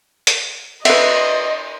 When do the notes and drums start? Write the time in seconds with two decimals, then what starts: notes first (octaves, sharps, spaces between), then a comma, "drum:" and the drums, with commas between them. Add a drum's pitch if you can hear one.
0.27 drum: hi-hat
0.85 B4 D#5 E5, drum: cymbal